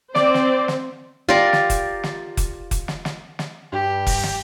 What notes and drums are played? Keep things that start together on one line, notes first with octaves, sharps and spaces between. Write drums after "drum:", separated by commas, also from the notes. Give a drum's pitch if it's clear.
C4 C5 D5, drum: snare
drum: snare
drum: snare
F4 G4 A#4 D5
drum: snare
drum: kick F1, hi-hat
drum: snare
drum: kick F1, hi-hat
drum: kick F1, hi-hat
drum: snare
drum: snare
drum: snare
G2 G4
drum: kick F1, open hi-hat
drum: snare